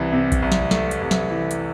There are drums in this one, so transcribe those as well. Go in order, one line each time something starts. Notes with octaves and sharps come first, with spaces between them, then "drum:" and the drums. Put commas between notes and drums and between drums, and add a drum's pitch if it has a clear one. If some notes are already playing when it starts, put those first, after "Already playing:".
Already playing: C2 E3
C3
drum: kick A#1, hi-hat
C2
drum: snare
A3, drum: snare
drum: hi-hat
C2
drum: snare
E3
drum: hi-hat